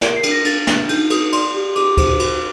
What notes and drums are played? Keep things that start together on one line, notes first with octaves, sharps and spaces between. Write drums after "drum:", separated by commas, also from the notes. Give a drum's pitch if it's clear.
A#4 D7, drum: snare
C7
D4, drum: cymbal
A#6
D4 A6, drum: cymbal
D4, drum: snare
D#4 G6, drum: cymbal
F#4 D#6, drum: cymbal
D5 C6, drum: cymbal
G4
G4 D6, drum: cymbal
C5, drum: kick D2, cymbal
F#4, drum: cymbal